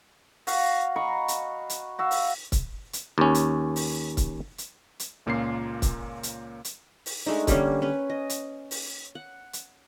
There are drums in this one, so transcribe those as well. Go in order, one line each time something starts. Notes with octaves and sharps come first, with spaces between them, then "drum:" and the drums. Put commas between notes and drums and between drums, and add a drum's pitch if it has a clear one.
F#4 F5, drum: open hi-hat
D#5 A#5 B5 C#6
drum: hi-hat
drum: hi-hat
F#4 E5 F5
drum: open hi-hat
drum: kick C#1, hi-hat
drum: hi-hat
D#2 C#4
drum: hi-hat
drum: open hi-hat
drum: kick C#1, hi-hat
drum: hi-hat
drum: hi-hat
C#2 A#2 A#3 C#4 F4 C7
drum: kick C#1, hi-hat
drum: hi-hat
drum: hi-hat
drum: open hi-hat
G#3 A3 D4 D#4
D3 G3 A#3 C#4, drum: kick C#1, hi-hat
C#4 B4
D#5
drum: hi-hat
drum: open hi-hat
F#5
drum: hi-hat